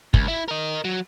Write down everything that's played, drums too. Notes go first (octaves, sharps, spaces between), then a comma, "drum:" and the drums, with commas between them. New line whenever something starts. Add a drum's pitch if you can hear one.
C#2, drum: kick
E4
A#4 D#5
F#3